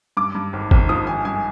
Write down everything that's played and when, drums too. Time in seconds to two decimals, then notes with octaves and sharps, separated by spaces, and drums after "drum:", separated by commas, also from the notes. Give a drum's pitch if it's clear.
0.17 G2 D6
0.35 G2
0.53 G#1
0.71 G#1, drum: kick G#1
0.89 F3 D#6
1.07 G#1 G#5
1.25 G2 G#5